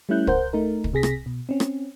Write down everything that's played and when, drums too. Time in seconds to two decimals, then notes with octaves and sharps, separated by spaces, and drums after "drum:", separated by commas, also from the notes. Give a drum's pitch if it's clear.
0.09 G3 A3 C#4 E4 F#6 G6
0.27 A#4 C5 F#5 G6, drum: kick
0.53 A3 D#4 A#4
0.84 drum: kick
0.93 C3 G#4 A#6 B6
1.03 drum: rim click
1.26 B2
1.49 C4 C#4
1.60 drum: rim click